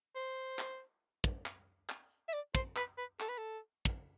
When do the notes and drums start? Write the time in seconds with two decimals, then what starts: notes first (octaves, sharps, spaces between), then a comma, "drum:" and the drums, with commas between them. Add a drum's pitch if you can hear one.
0.16 C5
0.59 drum: clap
1.24 drum: kick
1.46 drum: clap
1.89 drum: clap
2.29 E5
2.33 D5
2.55 C5, drum: kick
2.76 B4, drum: clap
2.98 B4
3.20 A4, drum: clap
3.29 B4
3.38 A4
3.85 drum: kick